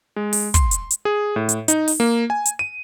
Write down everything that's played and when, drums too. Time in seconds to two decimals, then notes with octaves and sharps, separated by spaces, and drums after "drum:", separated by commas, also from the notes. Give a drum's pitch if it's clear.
0.16 G#3
0.33 drum: open hi-hat
0.54 C6, drum: kick, hi-hat
0.71 drum: hi-hat
0.91 drum: hi-hat
1.05 G#4
1.36 A2
1.49 drum: hi-hat
1.68 D#4, drum: hi-hat
1.88 drum: open hi-hat
2.00 A#3
2.30 G#5
2.46 drum: hi-hat
2.59 D#7